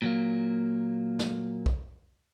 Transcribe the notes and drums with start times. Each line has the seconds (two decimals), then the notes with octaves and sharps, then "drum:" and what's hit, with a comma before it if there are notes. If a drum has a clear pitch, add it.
0.02 A#2 F#3 A#3
1.19 drum: snare
1.66 drum: kick